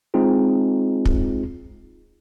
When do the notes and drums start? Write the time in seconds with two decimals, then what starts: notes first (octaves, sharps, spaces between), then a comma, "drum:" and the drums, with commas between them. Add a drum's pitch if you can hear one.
0.14 G#3 C4 D#4 F4 G#4
1.05 drum: kick